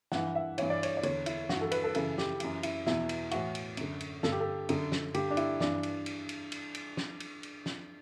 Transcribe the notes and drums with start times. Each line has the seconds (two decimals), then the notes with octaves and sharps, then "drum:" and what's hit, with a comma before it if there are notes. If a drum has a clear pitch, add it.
0.12 G2 E3 F#5, drum: snare
0.35 E5
0.58 G2 E3 C#5, drum: cymbal
0.70 D5
0.83 C#5, drum: cymbal
0.97 D5
1.03 E2 D3 C#5, drum: cymbal
1.26 E4, drum: cymbal
1.49 G2 E3 F#4, drum: snare
1.61 A4
1.71 B4, drum: cymbal
1.84 A4
1.95 F#2 C#3 E3 A4, drum: cymbal
2.18 G4, drum: snare
2.40 F#2 E3, drum: cymbal
2.63 E4, drum: cymbal
2.86 E2 B2 E4, drum: snare
3.09 drum: cymbal
3.31 A2 E3 F#4, drum: cymbal
3.55 drum: cymbal
3.77 F#2 D3, drum: cymbal
4.00 drum: cymbal
4.23 G2 D3 A4, drum: snare
4.32 G4
4.41 A4
4.69 F#2 D3, drum: cymbal
4.92 drum: snare
5.14 G2 D3 G4, drum: cymbal
5.31 D4
5.37 E4, drum: cymbal
5.60 G2 E3 D4, drum: snare
5.83 drum: cymbal
6.06 drum: cymbal
6.29 drum: cymbal
6.52 drum: cymbal
6.74 drum: cymbal
6.97 drum: snare
7.20 drum: cymbal
7.43 drum: cymbal
7.66 drum: snare